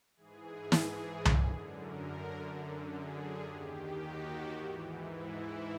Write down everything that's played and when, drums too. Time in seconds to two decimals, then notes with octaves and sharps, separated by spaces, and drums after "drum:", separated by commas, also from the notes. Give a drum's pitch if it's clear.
0.16 G#2 E3 G#4
0.72 G#4, drum: snare
1.25 F#2 D3, drum: tom C2
1.80 A#4
2.34 F#2 D3
2.88 G#4
3.43 D#2 D#3 G4
3.97 F#4
4.53 G#2 E3
5.06 E4